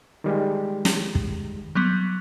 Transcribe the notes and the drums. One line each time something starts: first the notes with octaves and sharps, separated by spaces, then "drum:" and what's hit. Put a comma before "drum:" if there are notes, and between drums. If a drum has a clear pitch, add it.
D#3 G3 G#3
drum: snare
drum: kick
F#3 G3 B3